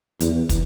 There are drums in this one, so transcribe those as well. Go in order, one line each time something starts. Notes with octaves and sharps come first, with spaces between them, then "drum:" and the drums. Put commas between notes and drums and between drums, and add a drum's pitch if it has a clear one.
E2, drum: hi-hat
drum: kick, hi-hat